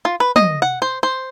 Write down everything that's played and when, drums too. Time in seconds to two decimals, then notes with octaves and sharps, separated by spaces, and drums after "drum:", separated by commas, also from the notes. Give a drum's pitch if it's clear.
0.05 F4
0.20 B4
0.36 D#5, drum: tom
0.62 F#5
0.82 C5
1.03 C5